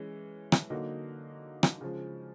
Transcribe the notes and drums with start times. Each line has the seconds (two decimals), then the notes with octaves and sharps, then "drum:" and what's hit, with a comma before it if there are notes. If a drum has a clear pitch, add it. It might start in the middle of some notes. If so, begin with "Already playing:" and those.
Already playing: E3 G#3 C#4
0.52 drum: rim click
0.70 D3 F#3 A#3 D#4 F#4
1.63 drum: rim click
1.81 C#3 F3 G#3